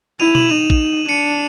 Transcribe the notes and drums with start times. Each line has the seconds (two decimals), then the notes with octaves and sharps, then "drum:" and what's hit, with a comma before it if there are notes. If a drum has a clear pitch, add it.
0.20 E4 D#7 F7
0.35 E7 F#7, drum: tom B2
0.50 D#4 D#7 F7
0.70 drum: kick A#1
1.08 D4 C#7 D#7